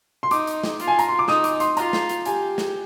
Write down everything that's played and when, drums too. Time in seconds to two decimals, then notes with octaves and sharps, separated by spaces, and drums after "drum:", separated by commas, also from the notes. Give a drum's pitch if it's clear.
0.23 C6
0.31 D#4 D6, drum: hi-hat
0.47 drum: hi-hat
0.64 drum: snare
0.80 F4, drum: hi-hat
0.88 G#5
0.99 A#5, drum: hi-hat
1.08 C6
1.19 D6
1.28 D#4 D#6, drum: snare
1.44 D6, drum: hi-hat
1.60 C6, drum: hi-hat
1.77 F4 A#5, drum: hi-hat
1.93 drum: snare
2.09 drum: hi-hat
2.26 G4 G#5, drum: hi-hat
2.58 drum: snare